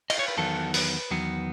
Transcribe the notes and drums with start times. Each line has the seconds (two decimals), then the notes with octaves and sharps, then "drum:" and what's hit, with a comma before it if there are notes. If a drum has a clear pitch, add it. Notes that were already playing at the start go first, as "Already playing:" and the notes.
0.10 D#5, drum: cymbal
0.19 C#5
0.28 B4
0.37 E2 D#3 F#3 B3 A4
0.74 B4, drum: open hi-hat
1.11 E2 D#3 F#3 B3